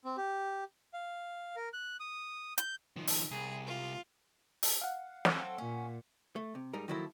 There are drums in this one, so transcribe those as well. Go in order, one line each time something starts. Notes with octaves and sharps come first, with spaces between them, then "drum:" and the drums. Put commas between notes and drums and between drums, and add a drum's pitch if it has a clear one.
C4
G4
F5
A#4
F#6
D#6
G6, drum: hi-hat
D#3 F3
drum: open hi-hat
C2 G#4
F4
drum: open hi-hat
F5 F#5
F#3 C4 A4, drum: snare
A#2 C#4
A3
C3
G#2 G3 D#4 A#4
D#3 F3 F#3 A#3 E4 A4